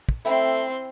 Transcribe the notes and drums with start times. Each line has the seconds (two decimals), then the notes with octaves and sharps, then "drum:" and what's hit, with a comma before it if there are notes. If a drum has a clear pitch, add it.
0.09 drum: kick
0.25 A3 C4 E4 E5 G5 C6, drum: tambourine